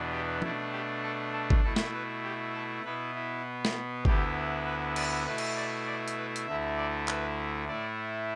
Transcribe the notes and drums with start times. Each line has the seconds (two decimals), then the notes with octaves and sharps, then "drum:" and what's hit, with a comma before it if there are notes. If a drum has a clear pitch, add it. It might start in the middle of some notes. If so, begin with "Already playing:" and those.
Already playing: E2 B2 B3 D4
0.12 G4
0.42 B2 A3 D4 E4, drum: tom
0.73 G4
1.03 A4
1.33 A4
1.50 drum: kick G1
1.63 B2 A3 E4 A4
1.76 drum: snare
1.94 B4
2.24 G4
2.54 A4
2.84 B2 B3 E4 B4
3.14 E4
3.65 drum: snare
4.05 D2 D3 B3 E4 G4, drum: kick G1
4.66 B4
4.96 D5, drum: cymbal
5.26 B2 A3 E4 B4
5.38 drum: cymbal
5.56 D5
5.86 D5
6.08 drum: hi-hat
6.17 B4
6.36 drum: hi-hat
6.47 D2 D3 A3 E4 E5
6.77 D5
7.08 B4, drum: clap
7.68 A2 A3 E4 D5